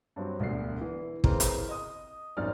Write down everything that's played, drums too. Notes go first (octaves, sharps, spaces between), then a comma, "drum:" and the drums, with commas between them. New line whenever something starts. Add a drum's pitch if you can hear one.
G2 F#3 C4
E1 D2 D5 C7
E3
C#3 E3 C4 A#4, drum: kick
drum: hi-hat
D#5 D#6
A1 F#2 C4 D#4 D5 F6